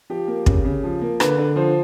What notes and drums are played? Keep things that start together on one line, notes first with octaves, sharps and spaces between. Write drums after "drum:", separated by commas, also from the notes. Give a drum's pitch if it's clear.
F3 G4
A#3
C#3, drum: kick
C#3
F3
A#3
D3 B4, drum: rim click
D3
F3 C5